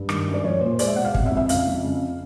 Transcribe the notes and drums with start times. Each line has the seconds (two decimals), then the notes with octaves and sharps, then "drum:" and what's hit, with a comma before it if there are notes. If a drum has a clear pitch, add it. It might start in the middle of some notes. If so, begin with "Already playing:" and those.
Already playing: G2
0.09 D#3, drum: rim click
0.27 F#2
0.34 D5
0.44 F3 C#5
0.61 A#2 C5
0.79 G#3 D5, drum: hi-hat
0.87 E5
0.96 B2 F#5
1.05 F5
1.15 C3, drum: kick
1.26 E5
1.31 F2
1.37 E5
1.49 C#3 F5, drum: hi-hat
1.67 F2
1.84 C#3